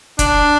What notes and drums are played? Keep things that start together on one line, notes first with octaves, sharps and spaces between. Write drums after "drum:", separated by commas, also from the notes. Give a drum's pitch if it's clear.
D4, drum: kick, hi-hat